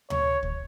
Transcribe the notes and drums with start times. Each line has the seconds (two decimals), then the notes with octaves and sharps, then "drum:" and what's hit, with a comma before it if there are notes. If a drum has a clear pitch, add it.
0.10 C#5, drum: tom D2
0.43 drum: kick D2